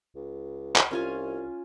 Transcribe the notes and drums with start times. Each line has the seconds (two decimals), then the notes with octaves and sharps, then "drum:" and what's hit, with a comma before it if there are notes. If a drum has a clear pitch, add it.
0.15 C#2
0.76 drum: clap
0.91 C2 C#4 F4 G#5